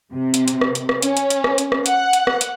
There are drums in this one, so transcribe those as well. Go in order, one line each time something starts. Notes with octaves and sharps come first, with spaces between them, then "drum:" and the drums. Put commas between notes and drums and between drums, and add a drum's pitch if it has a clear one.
C3
drum: hi-hat
drum: hi-hat
drum: rim click
drum: hi-hat
drum: rim click
C#4, drum: hi-hat
drum: hi-hat
drum: hi-hat
drum: rim click
drum: hi-hat
drum: rim click
F#5, drum: hi-hat
drum: hi-hat
drum: rim click
drum: hi-hat